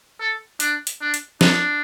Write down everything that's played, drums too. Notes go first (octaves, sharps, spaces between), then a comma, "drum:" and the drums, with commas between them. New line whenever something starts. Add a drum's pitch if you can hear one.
A4
D4, drum: hi-hat
drum: hi-hat
D4
drum: hi-hat
D4, drum: snare